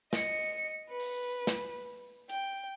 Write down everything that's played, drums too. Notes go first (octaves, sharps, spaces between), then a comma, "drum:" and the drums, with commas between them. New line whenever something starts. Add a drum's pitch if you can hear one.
D#5 C#7, drum: snare
B4
drum: open hi-hat
drum: snare
G5, drum: hi-hat